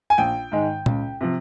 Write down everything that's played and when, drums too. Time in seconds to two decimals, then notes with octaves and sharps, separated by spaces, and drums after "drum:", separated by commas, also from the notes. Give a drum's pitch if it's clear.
0.10 G#5
0.18 A#1 G5
0.52 G#2 D#3 G#3
0.86 C#2, drum: tom A#2
1.21 C3 F3